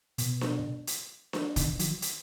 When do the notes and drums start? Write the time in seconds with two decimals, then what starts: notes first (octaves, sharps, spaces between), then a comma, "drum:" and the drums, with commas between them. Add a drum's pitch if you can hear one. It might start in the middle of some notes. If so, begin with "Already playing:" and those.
0.18 B2, drum: hi-hat
0.41 drum: snare D4
0.87 drum: hi-hat
1.33 drum: snare D4
1.56 B2 D#3, drum: kick, hi-hat
1.79 D#3 F#3, drum: hi-hat
2.02 drum: hi-hat